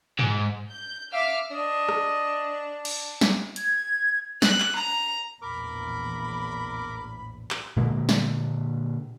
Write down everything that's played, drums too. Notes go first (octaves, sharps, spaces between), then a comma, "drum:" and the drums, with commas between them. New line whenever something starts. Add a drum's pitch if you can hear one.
G#2, drum: tom G#2
G6
E5 F5 D6 E6 F6
D4 D#5
drum: rim click
drum: cymbal
drum: snare
G#6, drum: hi-hat
F#6, drum: snare
drum: clap
A#5
A#1 E2 A2 A#4 B5 D6
drum: clap
A#2 D3 G#3 A#3
drum: snare